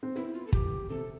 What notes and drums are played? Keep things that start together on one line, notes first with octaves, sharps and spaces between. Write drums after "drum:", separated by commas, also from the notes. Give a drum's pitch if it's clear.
C4
B3 E4
F4
A4
G4, drum: kick
C3 A4